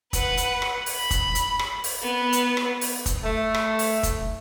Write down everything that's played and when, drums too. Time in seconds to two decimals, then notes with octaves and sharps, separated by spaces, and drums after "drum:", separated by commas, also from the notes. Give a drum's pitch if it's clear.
0.13 B4 F#5, drum: kick, hi-hat
0.37 drum: hi-hat
0.62 drum: rim click
0.86 drum: open hi-hat
0.96 B5
1.11 drum: kick, hi-hat
1.35 drum: hi-hat
1.59 drum: rim click
1.84 drum: open hi-hat
2.02 B3 B4
2.33 drum: hi-hat
2.57 drum: rim click
2.81 drum: open hi-hat
3.06 drum: kick, hi-hat
3.23 A3
3.54 drum: rim click
3.79 drum: open hi-hat
4.03 drum: kick, hi-hat